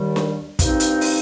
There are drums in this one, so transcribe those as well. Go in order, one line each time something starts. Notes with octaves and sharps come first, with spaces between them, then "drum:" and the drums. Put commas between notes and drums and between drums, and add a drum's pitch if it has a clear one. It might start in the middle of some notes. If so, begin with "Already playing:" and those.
Already playing: D#2 D#3 G3
drum: snare D4
G2 F3 C4 D#4, drum: kick, hi-hat
drum: hi-hat
drum: open hi-hat